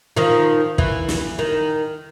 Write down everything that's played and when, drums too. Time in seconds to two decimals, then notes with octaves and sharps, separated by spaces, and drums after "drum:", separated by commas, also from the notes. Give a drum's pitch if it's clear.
0.17 D#3 F3
0.78 E3, drum: kick
1.08 drum: snare
1.39 D#3